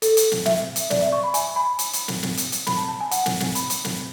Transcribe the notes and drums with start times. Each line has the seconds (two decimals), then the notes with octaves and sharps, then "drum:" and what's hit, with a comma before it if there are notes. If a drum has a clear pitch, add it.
0.02 A4, drum: hi-hat
0.17 drum: hi-hat
0.32 drum: snare
0.46 E5, drum: snare
0.76 drum: hi-hat
0.90 D5, drum: snare
1.01 E5
1.12 C#6
1.23 B5
1.34 G#5, drum: hi-hat
1.56 B5
1.79 drum: hi-hat
1.93 drum: hi-hat
2.08 drum: snare
2.23 drum: snare
2.37 drum: hi-hat
2.52 drum: hi-hat
2.67 B5, drum: snare
2.77 A5
2.89 A5
3.00 G#5
3.11 F#5, drum: hi-hat
3.26 drum: snare
3.40 drum: snare
3.55 B5, drum: hi-hat
3.70 drum: hi-hat
3.85 drum: snare